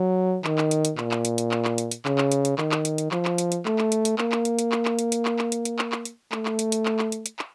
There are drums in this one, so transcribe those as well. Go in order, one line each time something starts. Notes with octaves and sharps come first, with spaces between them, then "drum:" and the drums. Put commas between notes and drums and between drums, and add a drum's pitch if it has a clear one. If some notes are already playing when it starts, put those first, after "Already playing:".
Already playing: F#3
D#3, drum: clap
drum: clap
drum: hi-hat
drum: hi-hat
A#2, drum: clap
drum: clap
drum: hi-hat
drum: hi-hat
drum: clap
drum: clap
drum: hi-hat
drum: hi-hat
C#3, drum: clap
drum: clap
drum: hi-hat
drum: hi-hat
D#3, drum: clap
drum: clap
drum: hi-hat
drum: hi-hat
F3, drum: clap
drum: clap
drum: hi-hat
drum: hi-hat
A3, drum: clap
drum: clap
drum: hi-hat
drum: hi-hat
A#3, drum: clap
drum: clap
drum: hi-hat
drum: hi-hat
drum: clap
drum: clap
drum: hi-hat
drum: hi-hat
drum: clap
drum: clap
drum: hi-hat
drum: hi-hat
drum: clap
drum: clap
drum: hi-hat
A3, drum: clap
drum: clap
drum: hi-hat
drum: hi-hat
drum: clap
drum: clap
drum: hi-hat
drum: hi-hat
drum: clap